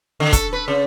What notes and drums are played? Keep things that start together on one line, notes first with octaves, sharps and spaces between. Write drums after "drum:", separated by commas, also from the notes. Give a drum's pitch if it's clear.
D3
A4, drum: kick, hi-hat
B4
C#3